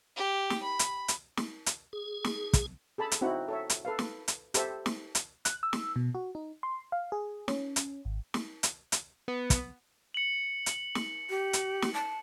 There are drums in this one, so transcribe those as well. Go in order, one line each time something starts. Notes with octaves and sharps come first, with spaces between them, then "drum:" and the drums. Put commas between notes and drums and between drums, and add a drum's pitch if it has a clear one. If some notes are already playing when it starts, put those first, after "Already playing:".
G4
drum: snare
B5
drum: hi-hat
drum: hi-hat
drum: snare
drum: hi-hat
G#4
drum: snare
drum: kick, hi-hat
G#4 A4 A5 B5
drum: hi-hat
C4 D#4 E4 F#4 F#5
A4 C#5 E5
drum: hi-hat
A4 B4 F5
drum: snare
drum: hi-hat
G4 A4 C5 E5, drum: hi-hat
drum: snare
drum: hi-hat
F#6, drum: hi-hat
E6
drum: snare
B2
F#4
D#4
C6
F5
G#4
C#4, drum: snare
drum: hi-hat
G#1
drum: snare
drum: hi-hat
drum: hi-hat
B3
drum: kick, hi-hat
C#7 F#7
drum: hi-hat
drum: snare
G4
drum: hi-hat
drum: snare
A5